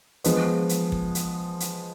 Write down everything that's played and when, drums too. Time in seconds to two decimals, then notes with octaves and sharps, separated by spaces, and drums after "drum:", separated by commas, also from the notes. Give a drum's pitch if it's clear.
0.24 F3 G#3 B3, drum: hi-hat
0.69 drum: hi-hat
0.92 drum: kick
1.15 drum: hi-hat
1.60 drum: hi-hat